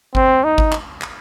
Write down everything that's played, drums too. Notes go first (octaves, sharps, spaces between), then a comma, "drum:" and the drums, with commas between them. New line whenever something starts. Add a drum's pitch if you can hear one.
C4, drum: kick G#1
D#4
drum: kick G#1
drum: clap
drum: clap